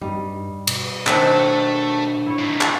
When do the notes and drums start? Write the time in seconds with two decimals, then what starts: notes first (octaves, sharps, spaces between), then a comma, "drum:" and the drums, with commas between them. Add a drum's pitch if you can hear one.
0.01 G2 G3 D#4
0.67 B2, drum: cymbal
1.07 D#3 A3 D4 C5 D#5, drum: clap
2.26 E4 C#5
2.39 A2 D#3
2.61 drum: clap